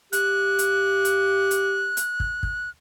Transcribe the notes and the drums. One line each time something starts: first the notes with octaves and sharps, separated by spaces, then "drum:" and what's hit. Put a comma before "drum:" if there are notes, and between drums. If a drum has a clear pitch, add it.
G4 F#6, drum: hi-hat
drum: hi-hat
drum: hi-hat
drum: hi-hat
drum: hi-hat
drum: kick
drum: kick